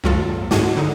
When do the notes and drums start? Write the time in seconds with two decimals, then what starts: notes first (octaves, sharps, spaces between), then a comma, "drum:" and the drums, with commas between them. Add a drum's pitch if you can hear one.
0.04 C#2 F#3 F4 A4, drum: tom F#2
0.51 G#2 G#3 C#4 F#4, drum: snare
0.77 D3 D#4